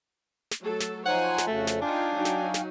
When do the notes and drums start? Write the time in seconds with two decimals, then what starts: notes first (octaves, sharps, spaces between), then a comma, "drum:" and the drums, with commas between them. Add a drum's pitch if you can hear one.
0.51 drum: snare
0.62 F#3 A3 A4
0.80 drum: snare
1.06 F3 D#4 C5 C#5 F#5 G#5
1.38 drum: snare
1.47 F2 C#3 A3 F#4
1.67 drum: snare
1.82 D4 D#4 F4 F5 G5 G#5
2.15 F#3 D#4
2.25 drum: snare
2.54 drum: snare